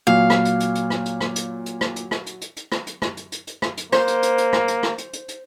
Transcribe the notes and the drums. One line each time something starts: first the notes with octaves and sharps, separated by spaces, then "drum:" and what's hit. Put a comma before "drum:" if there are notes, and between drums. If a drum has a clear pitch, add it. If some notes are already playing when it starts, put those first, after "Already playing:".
A#2 F#3 F5
drum: rim click
drum: hi-hat
drum: hi-hat
drum: hi-hat
drum: rim click
drum: hi-hat
drum: rim click
drum: hi-hat
drum: hi-hat
drum: rim click
drum: hi-hat
drum: rim click
drum: hi-hat
drum: hi-hat
drum: hi-hat
drum: rim click
drum: hi-hat
drum: rim click
drum: hi-hat
drum: hi-hat
drum: hi-hat
drum: rim click
drum: hi-hat
A#3 C5, drum: rim click
drum: hi-hat
drum: hi-hat
drum: hi-hat
drum: rim click
drum: hi-hat
drum: rim click
drum: hi-hat
drum: hi-hat
drum: hi-hat